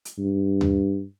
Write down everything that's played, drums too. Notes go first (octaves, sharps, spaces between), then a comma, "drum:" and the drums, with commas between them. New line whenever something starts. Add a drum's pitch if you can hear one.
drum: hi-hat
G2
drum: tom D#2